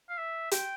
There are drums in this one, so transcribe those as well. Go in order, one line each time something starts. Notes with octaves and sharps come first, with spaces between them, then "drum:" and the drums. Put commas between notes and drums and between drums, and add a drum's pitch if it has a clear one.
F5
E5
G5, drum: hi-hat